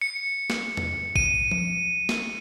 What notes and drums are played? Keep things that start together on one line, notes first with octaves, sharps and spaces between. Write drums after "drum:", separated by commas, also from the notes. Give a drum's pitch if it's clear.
C#7
drum: snare
drum: tom
D#7, drum: kick
drum: tom F3
drum: snare